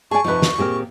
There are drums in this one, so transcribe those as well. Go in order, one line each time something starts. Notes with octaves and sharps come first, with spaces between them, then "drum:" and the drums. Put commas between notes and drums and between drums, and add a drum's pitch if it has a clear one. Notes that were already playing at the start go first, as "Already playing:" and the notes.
G#4 D5 G#5 A5 C#6
F2 C3 F3 D#4 B4
drum: snare
A#2 C4 G4 G#4 A#4